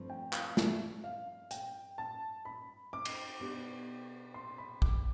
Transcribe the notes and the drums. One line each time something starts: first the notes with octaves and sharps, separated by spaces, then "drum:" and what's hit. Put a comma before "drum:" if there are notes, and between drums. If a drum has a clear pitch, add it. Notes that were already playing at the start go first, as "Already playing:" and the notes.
Already playing: G2 F3 A3 C4
G5
F5, drum: clap
E5, drum: snare
F5
G5, drum: hi-hat
A5
B5
D6
drum: cymbal
B2 B3 D4 G4
C6
B5
D6, drum: kick A#1